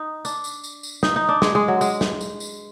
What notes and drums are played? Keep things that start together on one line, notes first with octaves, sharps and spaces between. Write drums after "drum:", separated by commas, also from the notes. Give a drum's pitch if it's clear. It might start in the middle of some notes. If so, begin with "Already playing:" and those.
Already playing: D#4
D4, drum: tambourine
drum: tambourine
drum: tambourine
drum: tambourine
D#4, drum: snare
D#4
D4
G#3, drum: snare
G#3
F#3
G#3, drum: tambourine
drum: snare
drum: tambourine
drum: tambourine